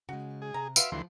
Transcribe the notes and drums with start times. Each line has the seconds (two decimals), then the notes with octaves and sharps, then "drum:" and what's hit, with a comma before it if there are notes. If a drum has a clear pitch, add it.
0.09 C#3 G#3 F#4
0.42 G#4
0.54 C3 A#5
0.76 F4 F#4 B4 E5 F5, drum: tambourine
0.92 D2 E3 F3 C6